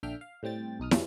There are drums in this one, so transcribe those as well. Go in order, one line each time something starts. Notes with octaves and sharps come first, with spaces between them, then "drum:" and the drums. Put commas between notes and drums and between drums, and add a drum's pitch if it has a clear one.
A#1 D3 D4 E5 G5 F6
F5
A2 G3 C4 G5 A6
B1 D#4 D#6 F6
F2 B2 E3 F#3 G3 C#4, drum: snare